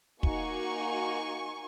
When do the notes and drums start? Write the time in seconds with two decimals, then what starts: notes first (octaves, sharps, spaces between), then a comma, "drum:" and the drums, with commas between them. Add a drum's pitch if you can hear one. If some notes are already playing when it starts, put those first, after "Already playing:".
0.23 A#3 D#4 F#4 G#5 C#6, drum: kick